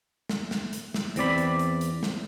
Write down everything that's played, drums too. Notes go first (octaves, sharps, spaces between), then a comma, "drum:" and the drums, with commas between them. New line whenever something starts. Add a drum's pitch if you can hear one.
drum: snare
drum: snare
drum: hi-hat
drum: snare
E2 C4 D5 B5, drum: hi-hat
drum: hi-hat
drum: hi-hat
drum: hi-hat
drum: snare